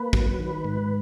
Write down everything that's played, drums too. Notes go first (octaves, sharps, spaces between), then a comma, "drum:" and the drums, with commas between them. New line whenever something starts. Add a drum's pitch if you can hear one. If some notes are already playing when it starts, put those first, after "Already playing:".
Already playing: A#3 B4
F#3, drum: kick
D#3
G#2